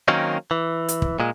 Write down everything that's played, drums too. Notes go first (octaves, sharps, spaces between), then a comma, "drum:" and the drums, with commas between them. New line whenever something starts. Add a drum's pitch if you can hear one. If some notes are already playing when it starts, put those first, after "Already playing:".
D#3 F#3 A#3 C4 C#4 D#4
E3
drum: hi-hat
drum: kick
A#2 G#3